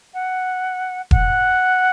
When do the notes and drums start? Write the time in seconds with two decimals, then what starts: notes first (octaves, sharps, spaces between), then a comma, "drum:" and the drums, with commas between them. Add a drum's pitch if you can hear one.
0.14 F#5
1.11 F#5, drum: kick E1